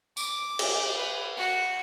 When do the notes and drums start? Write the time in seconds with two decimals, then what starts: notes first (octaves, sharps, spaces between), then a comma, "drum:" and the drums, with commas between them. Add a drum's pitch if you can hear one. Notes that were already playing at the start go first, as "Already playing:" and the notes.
0.17 D6, drum: tambourine
0.59 drum: cymbal
0.96 B4
1.37 F#4